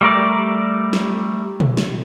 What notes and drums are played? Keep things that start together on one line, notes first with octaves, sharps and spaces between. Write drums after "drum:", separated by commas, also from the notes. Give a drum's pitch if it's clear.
G3 A3 A#4 D5
drum: snare
drum: tom
drum: snare